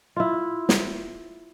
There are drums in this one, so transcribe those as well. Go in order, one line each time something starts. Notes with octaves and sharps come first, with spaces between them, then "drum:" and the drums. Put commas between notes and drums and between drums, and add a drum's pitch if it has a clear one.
E4 F4
drum: snare